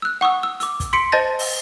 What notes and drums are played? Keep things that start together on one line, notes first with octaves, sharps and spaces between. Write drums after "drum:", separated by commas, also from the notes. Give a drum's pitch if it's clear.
E6 F#6
F#5 C#6 D#6 E6
E6
D6 E6, drum: hi-hat
drum: kick, hi-hat
C6 B6 C#7 D7
C5 D#5 A5 G6 A6 A#6
drum: open hi-hat